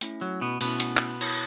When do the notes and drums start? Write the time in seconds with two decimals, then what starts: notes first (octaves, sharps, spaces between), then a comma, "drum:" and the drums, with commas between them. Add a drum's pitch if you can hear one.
0.01 A3 C#4 E4, drum: hi-hat
0.21 F#3
0.41 B2 B3
0.61 B2 A3 B3 C#4 E4, drum: cymbal
0.80 drum: hi-hat
0.97 drum: clap
1.21 E4 C#5 A5, drum: cymbal